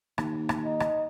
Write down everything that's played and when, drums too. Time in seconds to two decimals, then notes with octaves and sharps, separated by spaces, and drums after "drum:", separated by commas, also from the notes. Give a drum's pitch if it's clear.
0.18 D#2, drum: rim click
0.49 drum: rim click
0.65 D#4
0.80 drum: rim click